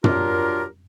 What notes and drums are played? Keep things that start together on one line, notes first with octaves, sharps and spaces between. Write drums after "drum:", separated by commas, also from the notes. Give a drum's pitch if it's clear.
F#3 D4 F4 G4 A#4, drum: tom